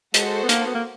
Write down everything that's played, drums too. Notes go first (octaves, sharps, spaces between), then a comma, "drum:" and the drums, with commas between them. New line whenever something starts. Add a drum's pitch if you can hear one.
G#3 F#4 A4 C5, drum: hi-hat
B3
A#3, drum: hi-hat
B3
A#3